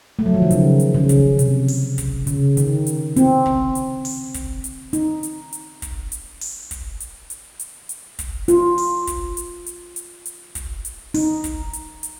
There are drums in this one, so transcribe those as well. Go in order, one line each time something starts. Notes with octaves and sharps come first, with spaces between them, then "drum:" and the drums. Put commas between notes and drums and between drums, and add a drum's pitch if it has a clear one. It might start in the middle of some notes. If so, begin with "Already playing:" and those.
A3
F#3
F3
D#3
C#3, drum: hi-hat
drum: hi-hat
C#3
drum: kick, hi-hat
C3, drum: hi-hat
drum: open hi-hat
drum: kick, hi-hat
C#3, drum: hi-hat
D#3, drum: hi-hat
drum: hi-hat
C4, drum: hi-hat
drum: kick
drum: hi-hat
drum: open hi-hat
drum: kick, hi-hat
drum: hi-hat
D#4, drum: hi-hat
drum: hi-hat
drum: hi-hat
drum: kick, hi-hat
drum: hi-hat
drum: open hi-hat
drum: kick, hi-hat
drum: hi-hat
drum: hi-hat
drum: hi-hat
drum: hi-hat
drum: kick, hi-hat
F4, drum: hi-hat
drum: open hi-hat
drum: kick, hi-hat
drum: hi-hat
drum: hi-hat
drum: hi-hat
drum: hi-hat
drum: kick, hi-hat
drum: hi-hat
D#4, drum: open hi-hat
drum: kick, hi-hat
drum: hi-hat
drum: hi-hat